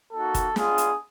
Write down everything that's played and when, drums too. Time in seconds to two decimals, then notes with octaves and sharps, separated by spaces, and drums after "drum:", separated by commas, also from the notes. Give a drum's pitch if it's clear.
0.13 A#3 D#4 F#4 A4
0.34 drum: kick, hi-hat
0.56 G#3 B3 D4 F4 G#4, drum: snare
0.78 drum: hi-hat